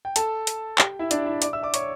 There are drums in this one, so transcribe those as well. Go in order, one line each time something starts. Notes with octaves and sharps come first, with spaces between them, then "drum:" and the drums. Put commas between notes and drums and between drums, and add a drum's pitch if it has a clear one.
G5
A4 A5, drum: hi-hat
drum: hi-hat
G4 G5, drum: clap
E4 E5
D4 D5, drum: hi-hat
E4 E5
D5 D6, drum: hi-hat
E5 E6
D5 D6
C#5 C#6, drum: hi-hat